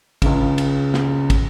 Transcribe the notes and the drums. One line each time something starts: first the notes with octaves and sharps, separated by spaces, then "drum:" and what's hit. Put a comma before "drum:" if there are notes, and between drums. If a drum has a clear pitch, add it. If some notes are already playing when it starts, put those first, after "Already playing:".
C#2 C#3, drum: kick, cymbal
drum: cymbal
drum: snare
drum: kick, cymbal